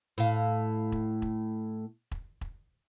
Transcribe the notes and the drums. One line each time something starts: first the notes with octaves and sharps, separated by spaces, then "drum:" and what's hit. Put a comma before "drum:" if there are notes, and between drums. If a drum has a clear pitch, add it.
A2 F5
drum: kick E1
drum: kick E1
drum: kick E1
drum: kick E1